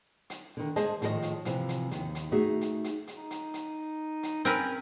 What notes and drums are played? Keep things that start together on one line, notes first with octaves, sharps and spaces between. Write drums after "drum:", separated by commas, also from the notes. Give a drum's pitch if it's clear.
drum: hi-hat
D3 D#3
G#3 G#4 C5 D#5 A5, drum: hi-hat
A2 D#3 F3 A4 D#5, drum: hi-hat
drum: hi-hat
C3 E3 F3, drum: hi-hat
drum: hi-hat
D#2 D#3, drum: hi-hat
drum: hi-hat
A3 D#4 F#4 G#4 E5
drum: hi-hat
drum: hi-hat
drum: hi-hat
D#4
drum: hi-hat
drum: hi-hat
drum: hi-hat
C4 C#4 A#4 B4, drum: hi-hat